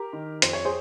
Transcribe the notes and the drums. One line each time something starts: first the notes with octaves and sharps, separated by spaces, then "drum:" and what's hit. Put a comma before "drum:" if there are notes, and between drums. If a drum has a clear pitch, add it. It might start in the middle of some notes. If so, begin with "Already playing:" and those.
Already playing: G4 A#4
D#3
F2 C5, drum: hi-hat
C#5
G#4 C5